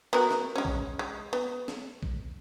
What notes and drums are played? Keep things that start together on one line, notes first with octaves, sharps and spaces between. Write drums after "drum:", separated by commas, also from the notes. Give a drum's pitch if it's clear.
B3 F#4 A#4
drum: snare
G#3 C#4
drum: kick B1
G#3
B3
drum: snare
drum: kick B1